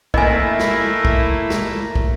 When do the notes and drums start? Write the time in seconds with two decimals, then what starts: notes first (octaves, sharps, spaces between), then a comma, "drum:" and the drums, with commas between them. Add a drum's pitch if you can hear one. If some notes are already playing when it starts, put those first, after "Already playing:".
0.14 A3 A#3 E4 D#5 G#5, drum: kick
0.59 drum: snare
1.05 drum: kick
1.50 drum: snare
1.95 drum: kick